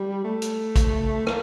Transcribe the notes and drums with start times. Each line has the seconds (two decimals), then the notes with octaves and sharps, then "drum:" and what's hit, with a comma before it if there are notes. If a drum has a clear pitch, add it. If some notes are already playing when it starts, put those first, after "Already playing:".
Already playing: G3
0.24 A3
0.42 drum: hi-hat
0.76 drum: kick, hi-hat
1.27 A#3, drum: rim click